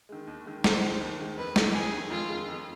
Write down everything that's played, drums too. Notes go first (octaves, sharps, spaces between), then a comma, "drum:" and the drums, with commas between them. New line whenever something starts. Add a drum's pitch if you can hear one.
D#3 G#3
D#2
D#3 G#3
D#2 C5, drum: snare
D#3 G#3
D#2
D#3 G#3
F2 B4
D#3 G#3, drum: snare
F2 G#4
D#3 G#3
F2 F4
D#3 G#3
F2